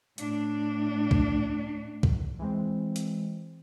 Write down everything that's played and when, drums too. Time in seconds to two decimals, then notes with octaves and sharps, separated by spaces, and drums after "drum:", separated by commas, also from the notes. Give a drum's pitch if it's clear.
0.18 A2 D4, drum: hi-hat
1.11 drum: kick C2
2.03 drum: kick C2
2.39 E3 G#3 C4
2.96 drum: hi-hat